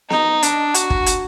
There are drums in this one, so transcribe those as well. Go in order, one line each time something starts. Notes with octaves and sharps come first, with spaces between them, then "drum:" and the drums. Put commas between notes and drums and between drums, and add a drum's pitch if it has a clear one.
D#4, drum: snare B3
D4, drum: hi-hat
F#4, drum: hi-hat
drum: kick
drum: hi-hat